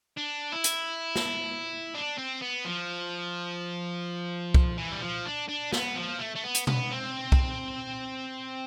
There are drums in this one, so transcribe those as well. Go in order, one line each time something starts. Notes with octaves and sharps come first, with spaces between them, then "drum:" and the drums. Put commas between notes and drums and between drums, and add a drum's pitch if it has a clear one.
D4
E4
drum: hi-hat
drum: snare
D4
C4
B3
F3
drum: kick C2
E3
G3
F3
D4
D4
B3, drum: snare
F3
A3
A3
B3
drum: hi-hat
B3, drum: tom B2
C4
drum: kick C2